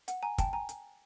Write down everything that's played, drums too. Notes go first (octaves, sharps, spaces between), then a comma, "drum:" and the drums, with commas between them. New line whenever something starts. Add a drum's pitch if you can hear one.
F#5, drum: hi-hat
G#5 A#5
G5 A5, drum: kick, hi-hat
G#5 A#5
drum: hi-hat